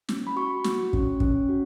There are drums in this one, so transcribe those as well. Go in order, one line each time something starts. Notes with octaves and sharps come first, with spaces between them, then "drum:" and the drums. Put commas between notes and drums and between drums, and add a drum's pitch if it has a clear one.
C#4, drum: snare
B5
F#4 C#6
F#4 C#6, drum: snare
C#4, drum: kick
C#4, drum: kick
F#4